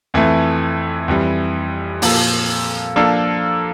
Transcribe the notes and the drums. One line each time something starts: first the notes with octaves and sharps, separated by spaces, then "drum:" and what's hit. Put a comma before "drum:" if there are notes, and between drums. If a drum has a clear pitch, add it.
F2 E3 A3
F2 E3 G3
A#2 F3 A#3 F4 A4, drum: open hi-hat
F3 A#3 D4 F4 A4